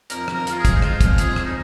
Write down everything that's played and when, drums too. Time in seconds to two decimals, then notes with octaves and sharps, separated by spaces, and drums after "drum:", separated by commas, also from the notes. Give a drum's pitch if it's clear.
0.10 F2 A#4, drum: hi-hat
0.28 F2, drum: rim click
0.34 A#4
0.47 F3 F4, drum: hi-hat
0.59 G#4
0.65 G#3, drum: kick, hi-hat
0.76 D#4
0.82 G#3 F4, drum: rim click
1.01 F2, drum: kick, hi-hat
1.18 F2 G#4, drum: hi-hat
1.36 F2, drum: rim click
1.45 D#4